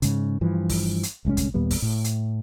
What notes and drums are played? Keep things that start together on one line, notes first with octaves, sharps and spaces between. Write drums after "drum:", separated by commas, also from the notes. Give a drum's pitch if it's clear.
G#2 C#3, drum: hi-hat
G2 E3 F3
drum: kick, open hi-hat
drum: hi-hat
D1 C2 G#3 C#4
drum: kick, hi-hat
D#2 A#2 G3 B3
drum: kick, open hi-hat
A2
drum: hi-hat